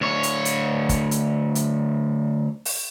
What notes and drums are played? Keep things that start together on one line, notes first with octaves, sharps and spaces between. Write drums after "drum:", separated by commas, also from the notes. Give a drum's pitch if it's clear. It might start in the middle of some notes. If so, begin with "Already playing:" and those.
D2 C#5
drum: hi-hat
drum: hi-hat
drum: kick, hi-hat
drum: hi-hat
drum: hi-hat
drum: open hi-hat